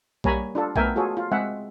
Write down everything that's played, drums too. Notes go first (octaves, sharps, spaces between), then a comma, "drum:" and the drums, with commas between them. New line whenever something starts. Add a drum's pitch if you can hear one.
G3 A#3 C#5 G#5 A#5 B5, drum: kick B1
D4 F4 A4
A3 B3 A#4 E5 G5 G#5, drum: kick B1
F4 F#4 G#4 A4 C#5
F4
G#3 C4 G#4 E5 F#5